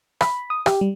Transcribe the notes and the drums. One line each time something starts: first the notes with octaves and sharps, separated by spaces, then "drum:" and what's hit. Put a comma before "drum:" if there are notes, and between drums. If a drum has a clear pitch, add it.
B5, drum: rim click
D#6
G4, drum: rim click
G3